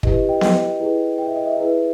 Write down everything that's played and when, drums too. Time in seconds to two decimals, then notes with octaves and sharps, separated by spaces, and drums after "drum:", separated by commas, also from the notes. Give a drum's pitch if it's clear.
0.03 E4 G4 B4 D#5, drum: kick
0.29 D#5 G5
0.41 D#5 G5, drum: snare B3
0.80 E4 G#4 B4
1.18 G5
1.27 E5
1.36 D#5
1.45 E5
1.57 E4 G#4 B4